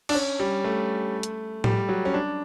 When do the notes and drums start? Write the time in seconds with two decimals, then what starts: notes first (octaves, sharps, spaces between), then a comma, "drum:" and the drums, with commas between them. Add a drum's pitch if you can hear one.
0.09 D4, drum: cymbal
0.15 C#4
0.40 G3
0.64 A3
1.23 drum: hi-hat
1.64 G3, drum: tom A2
1.89 F#3
2.05 C#4
2.14 D4